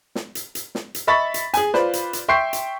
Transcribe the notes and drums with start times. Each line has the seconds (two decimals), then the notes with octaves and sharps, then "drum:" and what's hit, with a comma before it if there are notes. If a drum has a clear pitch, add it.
0.15 drum: snare
0.35 drum: hi-hat
0.55 drum: hi-hat
0.75 drum: snare
0.95 drum: hi-hat
1.07 D#5 E5 B5 C#6 A6 B6
1.34 drum: hi-hat
1.54 G#4 G#5, drum: hi-hat
1.74 F4 B4 C5 D5, drum: snare
1.93 drum: hi-hat
2.13 drum: hi-hat
2.28 E5 G5 C6 C#6 G6 C7
2.53 drum: hi-hat